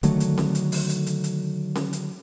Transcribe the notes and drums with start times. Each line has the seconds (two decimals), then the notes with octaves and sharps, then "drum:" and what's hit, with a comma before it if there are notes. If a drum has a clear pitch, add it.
0.03 D3 D#3 F#3 A3, drum: hi-hat
0.20 drum: hi-hat
0.38 drum: snare C#4
0.55 drum: hi-hat
0.72 drum: open hi-hat
0.89 drum: hi-hat
1.06 drum: hi-hat
1.24 drum: hi-hat
1.75 drum: snare C#4
1.93 drum: hi-hat